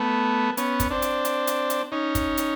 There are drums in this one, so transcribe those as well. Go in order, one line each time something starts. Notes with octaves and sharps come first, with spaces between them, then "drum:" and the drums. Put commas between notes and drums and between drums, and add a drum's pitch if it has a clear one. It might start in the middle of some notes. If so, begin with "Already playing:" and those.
Already playing: A3 B3
B3 C#4, drum: hi-hat
drum: kick, hi-hat
C4 D4
drum: hi-hat
drum: hi-hat
drum: hi-hat
drum: hi-hat
C#4 D#4
drum: kick, hi-hat
drum: hi-hat